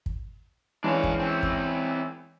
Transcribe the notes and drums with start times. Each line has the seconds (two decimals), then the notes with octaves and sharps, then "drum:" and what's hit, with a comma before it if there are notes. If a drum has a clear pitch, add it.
0.06 drum: kick
0.84 E3 G#3 C#4 D4 F5
1.04 drum: kick
1.20 C4 E4
1.43 drum: kick